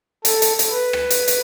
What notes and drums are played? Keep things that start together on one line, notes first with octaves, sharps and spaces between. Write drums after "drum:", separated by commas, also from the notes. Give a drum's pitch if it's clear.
A4, drum: hi-hat
drum: hi-hat
drum: hi-hat
B4
drum: rim click
drum: hi-hat
drum: hi-hat